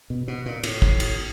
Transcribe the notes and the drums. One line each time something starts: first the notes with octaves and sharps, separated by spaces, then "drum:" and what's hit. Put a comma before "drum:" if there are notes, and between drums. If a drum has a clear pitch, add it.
B2
B2
A#2
A2, drum: cymbal
drum: kick
drum: cymbal